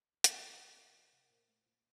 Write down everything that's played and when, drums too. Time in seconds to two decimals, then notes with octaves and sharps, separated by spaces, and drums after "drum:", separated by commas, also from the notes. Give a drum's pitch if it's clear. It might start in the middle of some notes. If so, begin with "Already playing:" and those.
0.24 A3 G4, drum: hi-hat
0.38 A4
0.42 A2
0.51 A#4
0.60 A2 C5
0.77 C3 D5
0.95 F3
1.13 C3
1.23 A#4
1.30 A#2 C5
1.48 A3
1.66 A#2